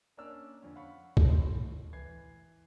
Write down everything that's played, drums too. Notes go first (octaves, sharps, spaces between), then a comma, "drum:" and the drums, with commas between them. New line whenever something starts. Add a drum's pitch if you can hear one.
A#3 C#4 D4 D5 E6 F6
F2 D3 C#4
F5 F#5 B5 C#6
drum: kick
A2 C6
E3 G#6 C7